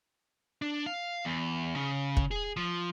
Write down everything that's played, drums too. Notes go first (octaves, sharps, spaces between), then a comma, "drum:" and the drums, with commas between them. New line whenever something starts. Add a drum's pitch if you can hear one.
D4
F5
E2
C#3
drum: kick
G#4
F3